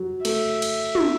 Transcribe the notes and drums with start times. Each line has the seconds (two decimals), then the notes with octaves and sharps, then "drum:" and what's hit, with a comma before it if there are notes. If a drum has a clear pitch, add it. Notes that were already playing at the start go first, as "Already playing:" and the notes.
Already playing: F#3
0.25 A3 E5, drum: cymbal
0.62 drum: cymbal
0.95 drum: tom